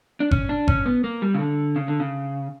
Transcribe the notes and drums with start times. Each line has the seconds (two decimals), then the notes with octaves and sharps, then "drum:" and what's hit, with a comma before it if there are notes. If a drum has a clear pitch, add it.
0.20 D4
0.31 C#4, drum: kick G1
0.49 D4
0.68 C#4, drum: kick G1
0.86 B3
1.04 A#3
1.22 G3
1.34 C#3
1.39 D3
1.76 C#3
1.88 D3
2.00 C#3